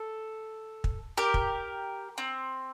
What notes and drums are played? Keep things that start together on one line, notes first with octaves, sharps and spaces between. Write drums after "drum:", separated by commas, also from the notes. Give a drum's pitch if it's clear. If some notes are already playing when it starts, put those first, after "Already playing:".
Already playing: A4
drum: kick
G4 A#4
drum: kick
C4